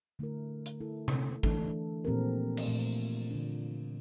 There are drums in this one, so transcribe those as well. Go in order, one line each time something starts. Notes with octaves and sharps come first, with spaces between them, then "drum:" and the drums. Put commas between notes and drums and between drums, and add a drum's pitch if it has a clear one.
D3 A3 E4 A#4
drum: hi-hat
A3 E4 A4
drum: tom C3
E3 A3 D4 A4, drum: kick
A#2 F3 C4 G4 A#4
drum: cymbal
A#2 A3 C4
D3 A3 D4 F4